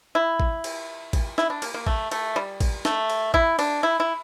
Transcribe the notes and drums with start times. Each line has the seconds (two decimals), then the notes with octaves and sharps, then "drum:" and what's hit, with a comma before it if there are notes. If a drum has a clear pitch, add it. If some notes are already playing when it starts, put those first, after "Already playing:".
0.15 E4
0.40 drum: kick A1
0.64 drum: cymbal
1.13 drum: kick A1, cymbal
1.38 E4, drum: snare
1.50 D4
1.62 A#3, drum: cymbal
1.74 A#3
1.87 A3, drum: kick A1
2.11 A3, drum: cymbal
2.36 G3
2.60 drum: kick A1, cymbal
2.85 A3, drum: snare
3.10 drum: cymbal
3.34 E4, drum: kick A1
3.59 D4, drum: cymbal
3.83 E4
4.00 E4